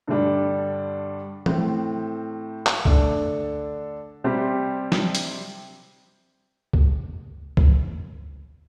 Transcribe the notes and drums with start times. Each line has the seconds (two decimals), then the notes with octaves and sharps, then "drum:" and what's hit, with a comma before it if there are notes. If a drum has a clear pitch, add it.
0.08 G2 D3 G3 D4
1.46 A2 A3 C4, drum: tom
2.66 drum: clap
2.85 D3 A3 D4 A4, drum: kick C#2
4.24 C3 G3 C4 G4 C5
4.92 drum: snare
5.15 drum: hi-hat
6.73 drum: kick C#2
7.57 drum: kick C#2